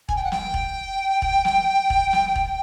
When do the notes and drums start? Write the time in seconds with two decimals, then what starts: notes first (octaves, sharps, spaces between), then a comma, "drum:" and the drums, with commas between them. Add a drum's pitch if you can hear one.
0.09 G#5, drum: kick E1
0.16 G5
0.24 F#5
0.32 G5, drum: snare
0.54 drum: kick E1
1.22 drum: kick E1
1.45 drum: snare
1.90 drum: kick E1
2.13 drum: snare
2.36 drum: kick E1